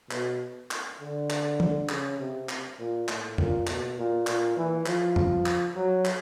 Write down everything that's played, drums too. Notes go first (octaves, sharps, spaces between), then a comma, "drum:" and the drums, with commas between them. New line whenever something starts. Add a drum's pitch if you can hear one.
B2, drum: clap
drum: clap
D3
drum: clap
drum: tom
C#3, drum: clap
C3
drum: clap
A#2
A2, drum: clap
A#2, drum: tom F2
B2, drum: clap
A#2
A#2, drum: clap
E3
F3, drum: clap
drum: tom F2
drum: clap
F#3
drum: clap